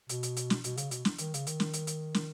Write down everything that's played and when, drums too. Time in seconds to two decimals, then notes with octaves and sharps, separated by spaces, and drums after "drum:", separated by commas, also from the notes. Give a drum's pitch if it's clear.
0.09 B2, drum: hi-hat
0.23 drum: hi-hat
0.36 drum: hi-hat
0.50 drum: snare
0.64 B2, drum: hi-hat
0.77 C#3, drum: hi-hat
0.91 B2, drum: hi-hat
1.05 drum: snare
1.18 D#3, drum: hi-hat
1.34 C#3, drum: hi-hat
1.47 D#3, drum: hi-hat
1.60 drum: snare
1.73 drum: hi-hat
1.87 drum: hi-hat
2.14 drum: snare